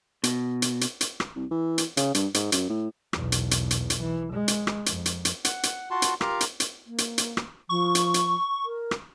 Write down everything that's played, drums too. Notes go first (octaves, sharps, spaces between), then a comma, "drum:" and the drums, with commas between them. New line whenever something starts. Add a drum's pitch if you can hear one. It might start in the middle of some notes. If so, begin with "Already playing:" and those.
B2, drum: hi-hat
drum: hi-hat
drum: hi-hat
drum: hi-hat
drum: rim click
C2
E3
drum: hi-hat
C#3, drum: hi-hat
G2, drum: hi-hat
G#2, drum: hi-hat
F#2, drum: hi-hat
A2
B1 E2, drum: rim click
drum: hi-hat
drum: hi-hat
drum: hi-hat
drum: hi-hat
E3
G#3
drum: hi-hat
drum: rim click
F2, drum: hi-hat
drum: hi-hat
drum: hi-hat
F#5, drum: hi-hat
drum: hi-hat
F4 F#4 F#5 A5 C6
drum: hi-hat
F4 G4 A#4 F5 A#5, drum: rim click
drum: hi-hat
drum: hi-hat
A#3
drum: hi-hat
drum: hi-hat
drum: rim click
F3 C#6
drum: hi-hat
drum: hi-hat
A#4
drum: rim click